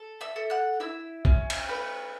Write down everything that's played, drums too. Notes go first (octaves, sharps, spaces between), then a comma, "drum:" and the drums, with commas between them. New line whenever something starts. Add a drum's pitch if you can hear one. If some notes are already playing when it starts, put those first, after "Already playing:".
Already playing: A4
E5 E6
A4
F#5 F#6
E4 E5 E6
C#4, drum: kick
drum: cymbal
A3 B4 B5